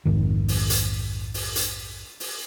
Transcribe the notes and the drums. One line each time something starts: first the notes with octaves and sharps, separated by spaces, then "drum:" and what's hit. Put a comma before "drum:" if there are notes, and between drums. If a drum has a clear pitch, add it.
A#1 F2 G#2 D#3
drum: open hi-hat
drum: hi-hat
drum: open hi-hat
drum: hi-hat
drum: open hi-hat